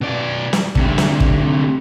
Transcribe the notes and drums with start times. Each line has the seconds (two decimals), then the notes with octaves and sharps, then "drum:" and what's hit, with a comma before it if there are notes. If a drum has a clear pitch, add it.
0.01 B2 D5
0.53 drum: snare
0.75 D2 C3, drum: kick
0.98 drum: snare
1.20 drum: kick